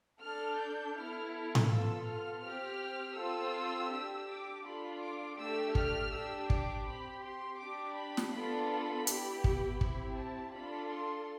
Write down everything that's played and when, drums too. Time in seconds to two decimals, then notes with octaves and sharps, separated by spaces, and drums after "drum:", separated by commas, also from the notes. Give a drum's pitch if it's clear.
0.22 D4 A4 F6
0.60 G6
0.96 B3 E4 A4 F6
1.33 F6
1.55 drum: tom A2
1.69 B3 F4 A4 E6
2.07 F6
2.43 C4 G4 F6
3.18 C4 F4 A4 E6
3.91 D4 G4
4.28 D6
4.65 D4 F4 A4 B5
5.01 D6
5.38 A3 D4 G4 E6
5.75 F6, drum: kick
6.12 D4 G4 E6
6.50 D6, drum: kick
6.86 C4 G4 B5
7.23 C6
7.60 D4 G4 D6
7.96 B5
8.17 drum: snare
8.33 B3 D4 F4 A4 B5
8.70 B5
9.07 B3 E4 G4, drum: hi-hat
9.44 B5, drum: kick
9.81 C4 E4 G4, drum: kick
10.18 A5
10.54 D4 F4 A4 B5
10.91 C6